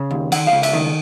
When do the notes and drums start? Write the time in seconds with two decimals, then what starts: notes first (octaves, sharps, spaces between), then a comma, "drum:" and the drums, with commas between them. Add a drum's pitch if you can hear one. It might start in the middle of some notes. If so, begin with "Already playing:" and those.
Already playing: C#3
0.11 D#2
0.32 D#3 F#5, drum: cymbal
0.47 C#2 F5
0.63 E5, drum: cymbal
0.73 D#3